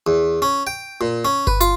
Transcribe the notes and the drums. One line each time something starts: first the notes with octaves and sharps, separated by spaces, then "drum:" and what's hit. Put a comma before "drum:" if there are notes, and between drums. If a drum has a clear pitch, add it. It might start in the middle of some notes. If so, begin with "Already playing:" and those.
E2
C#4
G5
A#2
C#4
B4, drum: kick G1
F4, drum: hi-hat